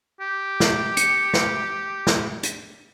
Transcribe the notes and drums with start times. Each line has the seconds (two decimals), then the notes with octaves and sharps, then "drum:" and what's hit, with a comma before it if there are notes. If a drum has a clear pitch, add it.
0.20 G4
0.60 drum: snare
0.97 C#7, drum: hi-hat
1.34 drum: snare
2.07 drum: snare
2.43 drum: hi-hat